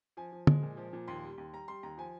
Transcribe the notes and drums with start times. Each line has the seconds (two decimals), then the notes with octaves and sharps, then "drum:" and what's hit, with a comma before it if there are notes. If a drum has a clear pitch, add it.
0.17 F3 G#5
0.32 F3
0.47 G#3, drum: tom D3
0.62 A#2
0.77 F3
0.93 A#2
1.08 D#2 C6
1.23 G3
1.38 D#2
1.53 G3 A#5
1.68 G3 C6
1.83 D#2 A#5
1.98 F3 G#5